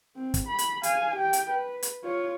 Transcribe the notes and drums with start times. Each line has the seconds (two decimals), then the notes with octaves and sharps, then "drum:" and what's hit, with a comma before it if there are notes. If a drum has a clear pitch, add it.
0.16 C4
0.34 drum: kick, hi-hat
0.48 B5
0.59 drum: hi-hat
0.83 F5 G#5, drum: hi-hat
1.16 G4 G5
1.33 drum: hi-hat
1.50 B4
1.83 drum: hi-hat
2.04 F4 C#5